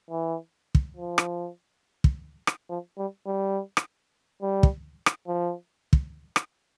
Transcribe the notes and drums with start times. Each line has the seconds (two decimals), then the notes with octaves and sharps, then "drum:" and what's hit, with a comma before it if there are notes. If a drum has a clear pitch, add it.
0.10 E3
0.75 drum: kick
0.97 F3
1.18 drum: rim click
2.04 drum: kick
2.47 drum: rim click
2.69 F3
2.98 G3
3.26 G3
3.77 drum: rim click
4.42 G3
4.63 drum: kick
5.06 drum: rim click
5.27 F3
5.93 drum: kick
6.36 drum: rim click